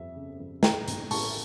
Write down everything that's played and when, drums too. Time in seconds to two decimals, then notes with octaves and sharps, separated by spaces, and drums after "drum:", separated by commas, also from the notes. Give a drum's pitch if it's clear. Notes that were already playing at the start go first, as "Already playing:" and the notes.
Already playing: F2 G3 E5
0.16 C#3
0.40 F2
0.63 G3 G5 A#5, drum: snare
0.88 A#1, drum: hi-hat
1.11 A2 A5 C#6, drum: open hi-hat